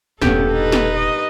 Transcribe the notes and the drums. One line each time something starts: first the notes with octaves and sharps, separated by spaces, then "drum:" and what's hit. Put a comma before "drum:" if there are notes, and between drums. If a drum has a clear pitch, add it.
E1 G2 A#2 B3 C#4 G4 A4, drum: snare
D#4 B4
drum: snare
D#5